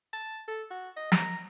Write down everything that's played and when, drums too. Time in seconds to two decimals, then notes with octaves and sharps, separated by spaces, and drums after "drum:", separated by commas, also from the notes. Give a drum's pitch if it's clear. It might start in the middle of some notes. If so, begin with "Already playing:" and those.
0.13 A5
0.48 A4
0.71 F#4
0.96 D#5
1.12 A#5, drum: snare